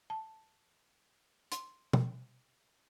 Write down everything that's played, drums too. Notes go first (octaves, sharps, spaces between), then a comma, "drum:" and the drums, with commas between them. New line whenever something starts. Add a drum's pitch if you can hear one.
A5
C6, drum: hi-hat
drum: tom